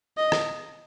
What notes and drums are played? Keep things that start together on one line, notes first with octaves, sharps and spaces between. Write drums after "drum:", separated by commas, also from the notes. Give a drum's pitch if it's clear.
D#5
drum: rim click